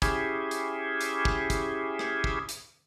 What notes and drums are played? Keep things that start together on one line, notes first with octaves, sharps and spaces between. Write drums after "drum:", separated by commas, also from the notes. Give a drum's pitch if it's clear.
C#4 E4 G4 G#4, drum: kick, hi-hat
drum: hi-hat
drum: hi-hat
drum: kick
drum: kick, hi-hat
drum: rim click
drum: kick
drum: hi-hat